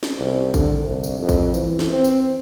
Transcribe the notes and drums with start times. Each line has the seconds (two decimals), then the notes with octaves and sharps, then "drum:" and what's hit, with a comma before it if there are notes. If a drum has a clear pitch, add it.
0.03 drum: snare
0.20 C2
0.54 D3, drum: kick, tambourine
0.84 C2
1.04 drum: tambourine
1.20 F2
1.29 drum: kick, tambourine
1.54 E3, drum: tambourine
1.79 drum: snare
1.92 C4
2.04 drum: tambourine